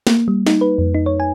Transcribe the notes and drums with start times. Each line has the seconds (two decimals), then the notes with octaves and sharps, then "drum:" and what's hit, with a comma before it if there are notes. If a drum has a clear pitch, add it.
0.07 A#3, drum: snare
0.28 G3
0.47 D#4, drum: snare
0.61 B4
0.78 F2
0.94 D#4
1.06 C#5
1.20 G#5